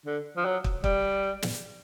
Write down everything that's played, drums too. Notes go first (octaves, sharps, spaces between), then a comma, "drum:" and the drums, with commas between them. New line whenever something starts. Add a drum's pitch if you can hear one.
D3
F3
F#3
drum: kick
G3, drum: kick
drum: snare